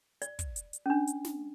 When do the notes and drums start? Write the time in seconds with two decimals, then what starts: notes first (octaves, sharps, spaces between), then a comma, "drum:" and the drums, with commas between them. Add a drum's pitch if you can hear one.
0.22 D5, drum: hi-hat
0.39 drum: kick, hi-hat
0.56 drum: hi-hat
0.73 drum: hi-hat
0.86 C#4 D4
1.07 drum: hi-hat
1.25 drum: snare